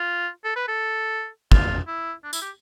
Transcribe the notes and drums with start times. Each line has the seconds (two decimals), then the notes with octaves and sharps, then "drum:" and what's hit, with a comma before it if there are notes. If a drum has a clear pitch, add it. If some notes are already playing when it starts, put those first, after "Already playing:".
Already playing: F4
0.44 A4
0.56 B4
0.68 A4
1.52 F4, drum: kick
1.87 E4
2.24 D4
2.33 E4, drum: tambourine
2.42 G4